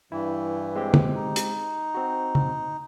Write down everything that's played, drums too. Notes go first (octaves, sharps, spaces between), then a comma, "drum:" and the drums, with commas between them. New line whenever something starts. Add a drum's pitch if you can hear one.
G2 E3 E4
G#3 C4 G4
drum: tom
D#4
drum: hi-hat
C4 F#4
drum: tom